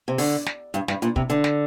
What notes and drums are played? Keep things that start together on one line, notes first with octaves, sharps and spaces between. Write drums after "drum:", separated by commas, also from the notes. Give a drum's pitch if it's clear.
C3
D3, drum: open hi-hat
drum: snare
G2, drum: hi-hat
G2, drum: snare
A#2, drum: hi-hat
C3, drum: kick
D3, drum: hi-hat
drum: snare